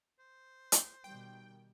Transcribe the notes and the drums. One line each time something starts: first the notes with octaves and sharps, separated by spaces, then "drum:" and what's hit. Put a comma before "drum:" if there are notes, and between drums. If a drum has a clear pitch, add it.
C5
drum: hi-hat
B2 D#3 G3 G5